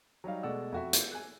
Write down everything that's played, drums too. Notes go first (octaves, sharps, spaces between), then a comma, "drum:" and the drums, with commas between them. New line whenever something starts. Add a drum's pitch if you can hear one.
F#3 G3 D#4 F5
B2 G#3 A3 D5 F#5 E6
F2 F#4 E5
drum: hi-hat
G#5 F#6